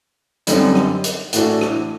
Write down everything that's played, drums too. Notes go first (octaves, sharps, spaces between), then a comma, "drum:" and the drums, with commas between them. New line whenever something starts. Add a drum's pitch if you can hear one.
F#2 D3 G3 C4 D#4, drum: hi-hat
drum: rim click
drum: hi-hat
A2 E3 A3 D4 F#4, drum: hi-hat
drum: rim click